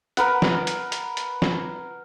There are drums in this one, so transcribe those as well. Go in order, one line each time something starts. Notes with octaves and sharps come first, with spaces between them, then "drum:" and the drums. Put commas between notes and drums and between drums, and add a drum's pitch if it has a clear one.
A#4 B4 F#5, drum: hi-hat
drum: snare
drum: hi-hat
drum: hi-hat
drum: hi-hat
drum: snare